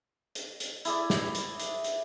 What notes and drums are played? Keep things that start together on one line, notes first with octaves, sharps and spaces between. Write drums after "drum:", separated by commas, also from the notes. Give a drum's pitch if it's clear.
drum: hi-hat
drum: hi-hat
E4 G#4 D5, drum: hi-hat
drum: snare
drum: hi-hat
drum: hi-hat
drum: hi-hat